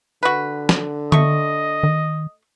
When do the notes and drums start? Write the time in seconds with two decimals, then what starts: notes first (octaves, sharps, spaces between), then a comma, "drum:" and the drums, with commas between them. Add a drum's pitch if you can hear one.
0.23 D3 F#4 B4
0.69 drum: snare
1.12 A3 D#5 C#6, drum: tom D3
1.83 D#3